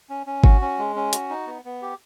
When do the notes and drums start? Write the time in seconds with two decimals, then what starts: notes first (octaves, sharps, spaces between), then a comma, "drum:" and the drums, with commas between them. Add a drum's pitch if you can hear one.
0.10 C#4
0.27 C#4
0.44 F#4, drum: kick G#1
0.61 C#4
0.78 G#3
0.96 C#4
1.13 F#4, drum: hi-hat
1.30 D#4
1.47 B3
1.65 B3
1.82 G4